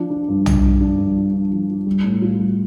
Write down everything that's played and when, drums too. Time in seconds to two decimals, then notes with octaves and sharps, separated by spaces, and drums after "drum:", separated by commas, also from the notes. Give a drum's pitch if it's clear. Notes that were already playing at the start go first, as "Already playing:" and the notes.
Already playing: F3 D4
0.10 D4
0.28 G2
0.46 D4, drum: tom
0.63 F3
0.81 D4
0.98 G2
1.16 F3
1.34 D4
1.52 F3
1.68 F3
1.86 G3
2.04 A2
2.22 F4
2.40 G3